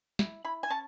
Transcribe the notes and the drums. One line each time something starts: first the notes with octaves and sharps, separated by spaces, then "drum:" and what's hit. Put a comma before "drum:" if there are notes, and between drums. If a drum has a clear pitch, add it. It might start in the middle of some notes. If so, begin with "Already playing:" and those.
E4, drum: snare
E4 B5
G#5
C#4 A5